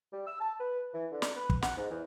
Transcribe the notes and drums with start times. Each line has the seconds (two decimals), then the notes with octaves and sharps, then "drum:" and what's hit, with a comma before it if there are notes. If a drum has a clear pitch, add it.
0.13 G3
0.26 E6
0.41 A5
0.60 B4
0.93 E3
1.12 D3
1.22 drum: snare
1.36 B4
1.50 drum: kick
1.62 F#5, drum: snare
1.77 G#2
1.91 E2